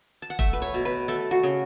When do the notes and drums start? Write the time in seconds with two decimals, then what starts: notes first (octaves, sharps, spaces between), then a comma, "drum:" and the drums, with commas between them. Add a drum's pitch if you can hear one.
0.22 A5
0.30 F#5
0.39 A3 E5, drum: kick F1
0.53 B4
0.62 C#5
0.74 B2
0.85 B4
1.08 A3 A4
1.31 F#4
1.43 C#3